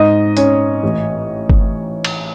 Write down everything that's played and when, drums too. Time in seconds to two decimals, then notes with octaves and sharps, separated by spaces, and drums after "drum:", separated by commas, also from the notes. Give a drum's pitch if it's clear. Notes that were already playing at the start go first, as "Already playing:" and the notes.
Already playing: G#2 D#5
0.37 C#4, drum: hi-hat
0.83 A1
1.50 drum: kick G1
2.05 drum: cymbal